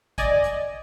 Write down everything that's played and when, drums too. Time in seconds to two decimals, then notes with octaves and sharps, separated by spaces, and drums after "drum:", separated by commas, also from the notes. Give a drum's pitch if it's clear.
0.18 D5 D#5 G#5, drum: kick, hi-hat
0.44 drum: hi-hat